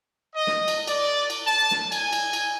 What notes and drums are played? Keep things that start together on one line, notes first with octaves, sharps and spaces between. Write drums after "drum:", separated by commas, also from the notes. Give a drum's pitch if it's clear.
D#5
drum: snare
drum: cymbal
D5, drum: cymbal
drum: cymbal
A5
drum: snare
G#5, drum: cymbal
drum: cymbal
drum: cymbal